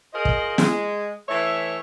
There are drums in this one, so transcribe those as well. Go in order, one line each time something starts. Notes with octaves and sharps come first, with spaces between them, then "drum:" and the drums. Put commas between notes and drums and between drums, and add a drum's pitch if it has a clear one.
F4 G#4 A#4 C5 D#5
drum: kick
G#3, drum: snare
E3 A3 C#5 E5